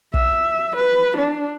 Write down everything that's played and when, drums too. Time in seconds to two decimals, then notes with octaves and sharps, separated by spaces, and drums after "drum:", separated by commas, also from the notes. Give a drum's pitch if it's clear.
0.14 E5, drum: kick
0.76 B4
1.17 D4